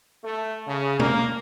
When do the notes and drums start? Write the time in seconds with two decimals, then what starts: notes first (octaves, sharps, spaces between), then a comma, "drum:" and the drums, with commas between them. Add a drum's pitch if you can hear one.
0.24 A3
0.67 C#3
1.00 A#3, drum: tom B2